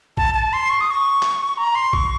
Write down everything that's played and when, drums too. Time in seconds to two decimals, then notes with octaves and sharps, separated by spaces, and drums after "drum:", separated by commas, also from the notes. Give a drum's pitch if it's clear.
0.17 A5, drum: kick
0.34 A5
0.53 C6
0.70 C#6
0.81 D#6
0.91 C#6
1.23 drum: clap
1.58 A#5
1.75 C6
1.93 C#6, drum: kick